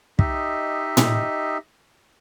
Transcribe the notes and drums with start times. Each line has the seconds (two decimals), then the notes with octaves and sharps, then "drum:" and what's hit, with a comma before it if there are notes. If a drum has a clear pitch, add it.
0.19 D#4 G4 D#5 E5, drum: kick
0.97 drum: tom A2